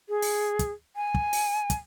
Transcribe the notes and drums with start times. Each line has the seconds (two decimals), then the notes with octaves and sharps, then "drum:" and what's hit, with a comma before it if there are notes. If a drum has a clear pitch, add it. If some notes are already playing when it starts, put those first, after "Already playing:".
0.09 G#4
0.22 drum: open hi-hat
0.59 drum: kick, hi-hat
0.96 G#5
1.14 drum: kick
1.33 drum: open hi-hat
1.70 drum: kick, hi-hat